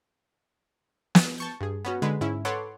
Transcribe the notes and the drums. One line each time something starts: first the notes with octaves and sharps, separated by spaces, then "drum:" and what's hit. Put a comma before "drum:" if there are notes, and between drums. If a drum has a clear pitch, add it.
drum: snare
A5 C#6 G6
G2 G#4
B3 C#4 F#4
D3 G#3 B4
G#2 C#4 E4
A4 B4 C#5 F#5 C6 D6